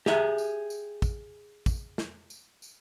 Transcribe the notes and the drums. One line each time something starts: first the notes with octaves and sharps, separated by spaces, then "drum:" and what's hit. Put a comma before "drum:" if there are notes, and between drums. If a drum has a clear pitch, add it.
G4 G#4 E5, drum: snare
drum: tambourine
drum: tambourine
drum: kick, tambourine
drum: kick, tambourine
drum: snare
drum: tambourine
drum: tambourine